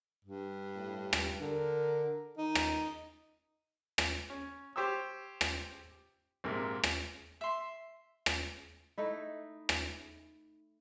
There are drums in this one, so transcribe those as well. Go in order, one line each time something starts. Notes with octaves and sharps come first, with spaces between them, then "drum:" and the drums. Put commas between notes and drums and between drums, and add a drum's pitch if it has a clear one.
G2
A2
drum: rim click
D3 A#4
D#3 D#4
drum: rim click
drum: rim click
C#4
G4 C5 C#5 G5 E6
drum: rim click
A#1 G#2 C3 A#3
drum: rim click
E5 C6
drum: rim click
A3 D#4 E4
drum: rim click